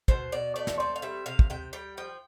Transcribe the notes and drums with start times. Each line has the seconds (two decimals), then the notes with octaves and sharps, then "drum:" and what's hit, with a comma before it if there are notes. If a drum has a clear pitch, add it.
0.08 B2 C5, drum: kick
0.32 B2 D5
0.56 A3 D5
0.67 drum: snare
0.80 C4 D5
0.96 F5
1.02 G3 E5
1.26 C3 F5
1.39 drum: kick
1.50 C3 G5
1.73 G3 G5
1.97 F3 G5